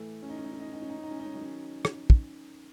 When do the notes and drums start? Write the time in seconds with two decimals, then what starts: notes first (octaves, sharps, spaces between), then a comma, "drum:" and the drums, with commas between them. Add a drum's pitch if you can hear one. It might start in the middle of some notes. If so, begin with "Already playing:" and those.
Already playing: A2 E3 A3
0.22 C#4
0.29 D#4
0.38 C#4
0.45 D#4
0.52 C#4
0.60 D#4
0.66 C#4
0.74 D#4
0.82 C#4
0.90 D#4
0.97 C#4
1.04 D#4
1.11 C#4
1.20 D#4
1.26 C#4
1.34 D#3 F#3 D#4
1.41 C#4
1.85 drum: rim click
2.10 drum: kick